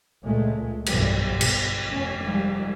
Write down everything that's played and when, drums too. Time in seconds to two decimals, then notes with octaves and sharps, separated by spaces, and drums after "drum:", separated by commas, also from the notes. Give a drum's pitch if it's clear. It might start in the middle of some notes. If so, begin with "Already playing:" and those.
0.23 C#2 A#2 G#3 A3
0.86 F1 B1 G2 E3 F#3 G3, drum: cymbal
1.26 G1 G2 B2
1.41 drum: cymbal
1.89 F1 C#4
2.23 D#3 F3 G3 G#3